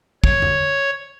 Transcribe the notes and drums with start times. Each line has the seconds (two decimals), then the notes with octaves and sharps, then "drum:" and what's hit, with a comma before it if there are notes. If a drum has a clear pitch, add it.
0.24 C#5, drum: kick
0.42 drum: tom E2